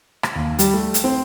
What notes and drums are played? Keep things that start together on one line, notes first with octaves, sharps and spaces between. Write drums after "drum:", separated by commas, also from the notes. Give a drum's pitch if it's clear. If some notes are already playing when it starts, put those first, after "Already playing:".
drum: rim click
D#2
G3, drum: hi-hat
A3
drum: hi-hat
C4